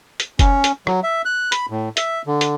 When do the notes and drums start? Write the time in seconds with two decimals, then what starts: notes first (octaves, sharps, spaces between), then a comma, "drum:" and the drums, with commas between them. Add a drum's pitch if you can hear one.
0.20 drum: hi-hat
0.39 C#4, drum: kick F#1, hi-hat
0.64 drum: hi-hat
0.87 F#3, drum: rim click
1.03 E5
1.25 F#6
1.52 B5, drum: hi-hat
1.70 A2
1.97 E5, drum: hi-hat
2.27 D3
2.41 drum: hi-hat